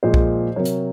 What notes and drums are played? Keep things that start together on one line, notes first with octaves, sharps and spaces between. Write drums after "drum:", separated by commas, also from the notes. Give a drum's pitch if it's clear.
A#2 F3 G#3 C5 D#5
drum: kick B1
C3 F#3 A#4 C#5
drum: hi-hat